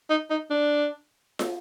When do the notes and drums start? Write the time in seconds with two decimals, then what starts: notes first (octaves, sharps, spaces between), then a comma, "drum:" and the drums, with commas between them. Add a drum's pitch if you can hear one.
0.10 D#4
0.30 D#4
0.50 D4
1.39 drum: snare